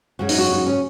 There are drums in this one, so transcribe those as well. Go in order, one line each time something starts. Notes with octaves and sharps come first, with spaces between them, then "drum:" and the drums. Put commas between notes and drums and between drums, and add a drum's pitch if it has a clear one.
F#2 C#3 F#3 F#4
D#4, drum: open hi-hat
F#4
D#4
C#4